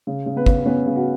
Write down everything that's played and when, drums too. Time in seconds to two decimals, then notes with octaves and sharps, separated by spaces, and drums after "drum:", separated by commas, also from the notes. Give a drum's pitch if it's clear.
0.07 C#3
0.26 C#3
0.36 B3 B4
0.46 C#3, drum: kick
0.66 B3 C#4 B4
0.87 C#3
0.96 F#4